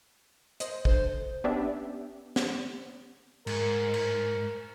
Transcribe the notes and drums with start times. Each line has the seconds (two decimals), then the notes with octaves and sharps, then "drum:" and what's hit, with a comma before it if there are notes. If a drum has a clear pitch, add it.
0.60 C5 D#5, drum: hi-hat
0.85 D4 A4 C5, drum: kick
1.44 B3 C#4 D4 G4 D5 E5
2.36 drum: snare
3.47 G#2 A#4, drum: cymbal
3.94 drum: cymbal